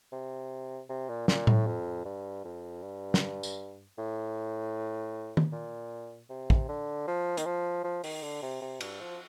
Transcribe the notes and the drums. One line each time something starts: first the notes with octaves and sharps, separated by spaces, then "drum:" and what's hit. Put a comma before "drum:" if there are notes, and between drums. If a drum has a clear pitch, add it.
C3
C3
A#2
A#2, drum: snare
A2, drum: tom A2
F2
G2
F2
G2
drum: snare
drum: tambourine
A2
drum: tom D#3
A#2
C3
drum: kick
D3
F3
D#3, drum: hi-hat
F3
F3
D#3, drum: open hi-hat
D3
C3
C3
G2, drum: cymbal
F3